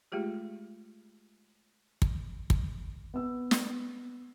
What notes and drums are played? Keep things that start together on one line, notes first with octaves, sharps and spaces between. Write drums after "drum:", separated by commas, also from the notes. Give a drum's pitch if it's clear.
G#3 A3 F4 G4 G#4
drum: kick
drum: kick
B3 E6
drum: snare